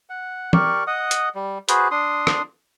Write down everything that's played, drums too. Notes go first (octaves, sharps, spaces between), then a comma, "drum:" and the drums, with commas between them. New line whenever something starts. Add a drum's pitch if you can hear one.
F#5
G4 A#4 D5 C#6, drum: tom
D#5 F#5 D#6
drum: hi-hat
G3
F#4 G#4 B4 C5, drum: hi-hat
D4 C6 D#6
drum: rim click